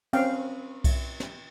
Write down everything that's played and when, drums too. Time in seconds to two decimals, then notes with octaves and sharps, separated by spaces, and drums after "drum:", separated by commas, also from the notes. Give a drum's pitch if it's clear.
0.13 C4 C#4 F5 G5, drum: cymbal
0.84 drum: kick B1, cymbal
1.20 drum: snare